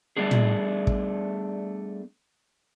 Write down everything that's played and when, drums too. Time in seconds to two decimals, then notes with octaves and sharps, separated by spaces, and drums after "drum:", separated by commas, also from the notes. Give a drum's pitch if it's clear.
0.16 G3 A3 B3 D4 G#4
0.31 drum: tom
0.87 drum: kick